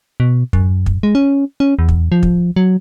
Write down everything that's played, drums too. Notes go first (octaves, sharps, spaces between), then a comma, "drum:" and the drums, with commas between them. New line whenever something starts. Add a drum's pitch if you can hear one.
B2
F#2, drum: kick
drum: kick
G#3
C#4
C#4
E2
drum: kick
F3
drum: kick
F#3